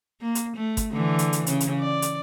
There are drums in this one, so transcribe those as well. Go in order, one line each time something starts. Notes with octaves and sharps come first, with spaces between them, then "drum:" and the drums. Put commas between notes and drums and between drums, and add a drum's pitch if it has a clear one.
A#3
drum: hi-hat
A3
drum: kick G1, hi-hat
D3 E3
drum: hi-hat
drum: hi-hat
C#3, drum: hi-hat
drum: hi-hat
D5
drum: hi-hat